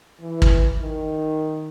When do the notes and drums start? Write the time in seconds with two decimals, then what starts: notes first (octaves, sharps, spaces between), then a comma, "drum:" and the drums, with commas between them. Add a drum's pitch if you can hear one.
0.21 E3
0.42 drum: kick
0.81 D#3